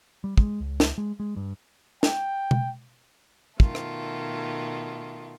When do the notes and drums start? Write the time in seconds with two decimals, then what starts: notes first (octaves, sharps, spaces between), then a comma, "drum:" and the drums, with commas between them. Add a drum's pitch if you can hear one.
0.24 G3
0.38 G#3, drum: kick
0.60 C#2
0.80 drum: snare
0.98 G#3
1.20 G#3
1.36 G2
2.03 G5, drum: snare
2.51 drum: tom B2
3.60 B2 D#3 A3 F4, drum: kick
3.75 drum: rim click